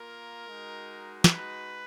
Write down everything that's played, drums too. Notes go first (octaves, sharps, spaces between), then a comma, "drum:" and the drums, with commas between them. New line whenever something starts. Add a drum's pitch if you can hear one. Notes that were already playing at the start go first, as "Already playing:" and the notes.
Already playing: A#3 F4 A#4
G#3 D#4 F#4
B4, drum: snare